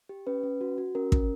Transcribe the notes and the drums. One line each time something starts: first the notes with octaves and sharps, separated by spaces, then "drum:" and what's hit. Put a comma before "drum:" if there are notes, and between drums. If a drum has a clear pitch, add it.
G4
C#4 B4
C#4
F#4
F#4
C#4 A#4
C#4, drum: kick